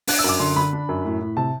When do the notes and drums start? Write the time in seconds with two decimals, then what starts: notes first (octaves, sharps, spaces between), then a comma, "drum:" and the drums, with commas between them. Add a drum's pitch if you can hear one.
0.07 D4 F#6, drum: open hi-hat
0.19 E6
0.24 F#2
0.29 D6
0.40 D3 C6
0.56 D3 B5
0.73 D4
0.89 F#2
1.05 A2
1.21 A2
1.37 C3 A5